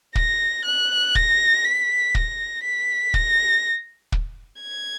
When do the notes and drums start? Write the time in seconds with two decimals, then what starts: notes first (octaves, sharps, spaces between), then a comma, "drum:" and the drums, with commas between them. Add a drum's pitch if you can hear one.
0.15 A#6, drum: kick
0.65 F#6
1.15 A#6, drum: kick
1.65 B6
2.15 A#6, drum: kick
2.63 B6
3.14 A#6, drum: kick
4.12 drum: kick
4.61 G#6